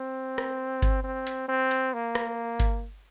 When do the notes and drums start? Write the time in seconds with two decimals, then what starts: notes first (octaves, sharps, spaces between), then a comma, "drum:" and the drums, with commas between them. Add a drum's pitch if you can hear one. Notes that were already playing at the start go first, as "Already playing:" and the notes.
Already playing: C4
0.38 drum: rim click
0.82 drum: kick G1, hi-hat
1.04 C4
1.27 drum: hi-hat
1.48 C4
1.71 drum: hi-hat
1.94 A#3
2.15 drum: rim click
2.60 drum: kick G1, hi-hat